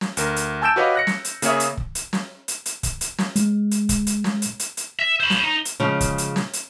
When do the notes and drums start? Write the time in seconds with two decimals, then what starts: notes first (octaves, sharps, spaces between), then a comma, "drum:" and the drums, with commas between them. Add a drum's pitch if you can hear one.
0.01 drum: snare
0.17 D2 A#4, drum: hi-hat
0.36 drum: hi-hat
0.62 G#5 A5 E6 G6 D7 E7
0.76 F#4 G4 B4 C#5 D#5 F5
0.95 F#6 A#6 C#7
1.07 drum: snare
1.25 drum: hi-hat
1.42 C#3 A#3 G#4 C#5 E5, drum: hi-hat
1.60 drum: hi-hat
1.77 drum: kick
1.95 drum: hi-hat
2.13 drum: snare
2.48 drum: hi-hat
2.66 drum: hi-hat
2.83 drum: kick, hi-hat
3.01 drum: hi-hat
3.18 drum: snare
3.36 G#3, drum: hi-hat
3.71 drum: hi-hat
3.89 drum: kick, hi-hat
4.07 drum: hi-hat
4.24 drum: snare
4.42 drum: hi-hat
4.60 drum: hi-hat
4.77 drum: hi-hat
4.99 E5
5.20 C5 B5
5.30 drum: snare
5.43 D#4
5.65 drum: hi-hat
5.80 C#3 F3 G#3
6.01 drum: kick, hi-hat
6.18 drum: hi-hat
6.36 drum: snare
6.53 drum: hi-hat